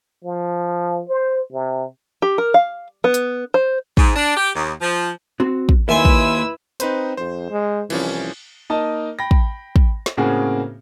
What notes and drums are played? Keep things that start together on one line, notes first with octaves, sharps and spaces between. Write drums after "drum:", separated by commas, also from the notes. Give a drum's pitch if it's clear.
F3
C5
C3
G4
A#4
F5
B3
drum: hi-hat
C5
G#2, drum: kick
D4
G4
D#2
F3
C4 F#4
drum: kick
D#2 E4 B4 E5 G#5 C6 E6
drum: kick
C4 D#4 B4 C5, drum: hi-hat
F2 C5
G#3
C2 E3 F3 C#4, drum: cymbal
A#3 D#4 D#5 A5
G5 B5 A#6
drum: kick
drum: kick
drum: snare
A2 C#3 A#3 C4 F#4 G#4